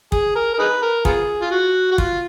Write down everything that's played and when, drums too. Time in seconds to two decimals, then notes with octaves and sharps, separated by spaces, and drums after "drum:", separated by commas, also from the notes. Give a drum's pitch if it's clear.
0.12 G#4, drum: kick
0.36 A#4
0.53 A#4
0.59 D#4 G#4 B4
0.82 A#4
1.05 B3 F4 G#4, drum: kick
1.41 F4
1.51 F#4
1.91 F#4
1.98 F4, drum: kick